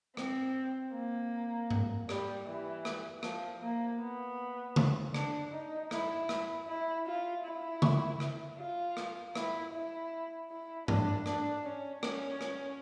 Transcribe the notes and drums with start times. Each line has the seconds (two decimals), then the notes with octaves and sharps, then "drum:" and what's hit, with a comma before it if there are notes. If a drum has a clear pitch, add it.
0.17 C4, drum: rim click
0.94 A#3
1.71 drum: tom G#2
2.09 G3, drum: rim click
2.47 E3
2.85 drum: rim click
3.23 F3, drum: rim click
3.61 A#3
4.00 B3
4.76 drum: tom C#3
5.14 D4, drum: rim click
5.52 D#4
5.91 E4, drum: rim click
6.29 drum: rim click
6.68 E4
7.06 F4
7.44 E4
7.82 drum: tom C#3
8.20 drum: rim click
8.58 F4
8.97 drum: rim click
9.35 E4, drum: rim click
9.73 E4
10.50 E4
10.88 D4, drum: tom G#2
11.26 D4, drum: rim click
11.65 C#4
12.03 C#4, drum: rim click
12.41 drum: rim click